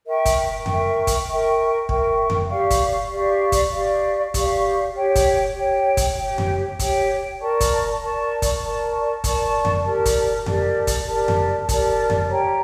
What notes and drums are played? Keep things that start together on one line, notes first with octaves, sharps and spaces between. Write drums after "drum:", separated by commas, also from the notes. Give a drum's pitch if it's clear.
A#4 E5 G5 C#6
drum: kick, hi-hat
A#4 E5 G5 C#6, drum: tom F2
drum: kick, hi-hat
A#4 E5 G5 C#6
A#4 E5 G5 C#6, drum: kick
drum: tom F2
G4 D5 F5 C#6
drum: kick, hi-hat
G4 D5 F5 C#6
drum: kick, hi-hat
G4 D5 F5 C#6
G4 D5 F5 C#6, drum: kick, hi-hat
G4 C#5 G5
drum: kick, hi-hat
G4 C#5 G5
drum: kick, hi-hat
G4 C#5 G5
drum: tom F2
G4 C#5 G5, drum: kick, hi-hat
A#4 D5 A5 C#6
drum: kick, hi-hat
A#4 D5 A5 C#6
drum: kick, hi-hat
A#4 D5 A5 C#6
A#4 D5 A5 C#6, drum: kick, hi-hat
drum: tom F2
G4 A#4 D5 A5
drum: kick, hi-hat
G4 A#4 D5 A5, drum: tom F2
drum: kick, hi-hat
G4 A#4 D5 A5
drum: tom F2
G4 A#4 D5 A5, drum: kick, hi-hat
drum: tom F2
G4 C#5 G5 A#5